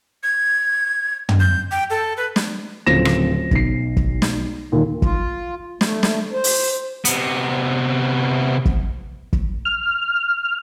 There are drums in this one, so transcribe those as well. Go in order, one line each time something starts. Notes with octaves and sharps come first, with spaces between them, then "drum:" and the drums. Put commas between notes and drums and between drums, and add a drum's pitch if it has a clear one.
G#6
drum: tom
G6
G5
A4
B4
drum: snare
D1 C#3 F3 C4 A#6 E7
drum: rim click
B1 C7, drum: kick
drum: kick
drum: snare
D#2 A#2 D#3
F4, drum: kick
A3, drum: snare
drum: snare
C5
drum: open hi-hat
C3 B3, drum: hi-hat
drum: kick
drum: kick
F6